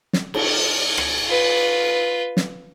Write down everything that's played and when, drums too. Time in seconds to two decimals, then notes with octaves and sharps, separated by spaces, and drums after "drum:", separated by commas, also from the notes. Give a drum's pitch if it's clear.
0.13 drum: snare
0.34 drum: cymbal
0.98 drum: rim click
1.26 F4 B4
2.37 drum: snare